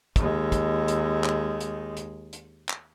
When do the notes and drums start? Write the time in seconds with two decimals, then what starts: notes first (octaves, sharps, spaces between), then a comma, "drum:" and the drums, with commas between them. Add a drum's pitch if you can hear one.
0.16 D#2 G#3, drum: kick, hi-hat
0.52 drum: kick, hi-hat
0.88 drum: hi-hat
1.24 drum: clap
1.61 drum: hi-hat
1.97 drum: hi-hat
2.33 drum: hi-hat
2.69 drum: clap